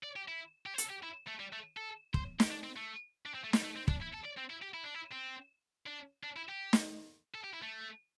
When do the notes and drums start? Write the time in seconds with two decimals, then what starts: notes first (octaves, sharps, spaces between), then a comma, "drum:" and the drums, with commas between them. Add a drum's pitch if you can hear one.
0.04 D5
0.16 G4
0.28 E4
0.66 G4
0.74 C5
0.78 A4, drum: hi-hat
0.90 G4
1.03 E4
1.27 A3
1.39 G3
1.53 A3
1.77 A4
2.14 C5, drum: kick
2.40 G4, drum: snare
2.51 D4
2.64 C4
2.76 A3
3.26 D4
3.35 C4
3.44 A3
3.53 G3, drum: snare
3.64 A3
3.75 C4
3.88 D4, drum: kick
4.01 E4
4.13 A4
4.25 D5
4.37 C4
4.50 E4
4.62 G4
4.74 E4
4.84 D4
4.94 E4
5.12 C4
5.86 D4
6.23 D4
6.36 E4
6.49 G4
6.73 drum: snare
7.34 A4
7.44 G4
7.53 E4
7.62 A3